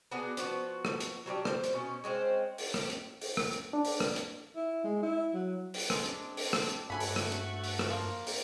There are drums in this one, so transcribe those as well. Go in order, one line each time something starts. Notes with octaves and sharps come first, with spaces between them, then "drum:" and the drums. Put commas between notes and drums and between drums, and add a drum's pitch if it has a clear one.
B3 D4 F#4 G#4
F3 B3 F#4, drum: hi-hat
drum: rim click
drum: hi-hat
F#3 G3 D4 G4
C5, drum: rim click
drum: hi-hat
B2 C#4
G#3 C4 C#4 C5
drum: open hi-hat
drum: rim click
drum: hi-hat
drum: open hi-hat
drum: rim click
drum: hi-hat
D4
drum: open hi-hat
drum: rim click
drum: hi-hat
E4
G#3
E4
F#3
drum: open hi-hat
G#3 C4 D4, drum: rim click
drum: hi-hat
drum: open hi-hat
drum: rim click
drum: hi-hat
G2 A3 F#4 A4 G#5 B5
drum: open hi-hat
drum: rim click
drum: hi-hat
drum: open hi-hat
drum: rim click
F3 A#3
drum: open hi-hat